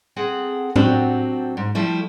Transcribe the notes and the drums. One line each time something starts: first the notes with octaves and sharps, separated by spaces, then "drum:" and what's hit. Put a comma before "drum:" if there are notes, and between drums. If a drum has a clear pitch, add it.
C4 G#4 A4 F#5
F#3 A3 C4 D4 F#4 G4, drum: tom A2
G#2
F3 G3 A3 E4